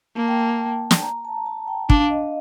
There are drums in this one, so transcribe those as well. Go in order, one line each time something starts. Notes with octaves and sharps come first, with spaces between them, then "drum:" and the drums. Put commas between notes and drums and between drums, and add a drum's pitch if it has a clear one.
A#3 A5
G5
A5
drum: snare
A#5
A5
A5
G5
D4 F5, drum: kick
D#5